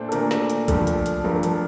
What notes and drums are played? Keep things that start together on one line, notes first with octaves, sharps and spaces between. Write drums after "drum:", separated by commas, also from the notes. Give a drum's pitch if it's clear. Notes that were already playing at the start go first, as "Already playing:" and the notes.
Already playing: A#2 A3 D4 C5
A4
A#2 A3 D4 A#4, drum: hi-hat
drum: snare
drum: hi-hat
G2 F3 A3 D4 A4, drum: kick A#1, hi-hat
drum: hi-hat
drum: hi-hat
G2 F3 A3 D4 A#4, drum: tom
A4, drum: hi-hat